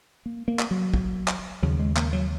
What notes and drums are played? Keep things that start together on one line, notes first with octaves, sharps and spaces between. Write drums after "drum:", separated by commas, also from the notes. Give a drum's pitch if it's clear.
A#3
A#3
drum: clap
F#3
drum: kick
drum: clap
D#2 C#3 F#3
G#3
A#3, drum: clap
F#3